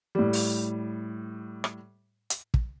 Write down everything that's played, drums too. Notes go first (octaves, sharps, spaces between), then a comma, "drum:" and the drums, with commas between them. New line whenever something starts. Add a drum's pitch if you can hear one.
A2 G3
drum: open hi-hat
drum: rim click
drum: hi-hat
drum: kick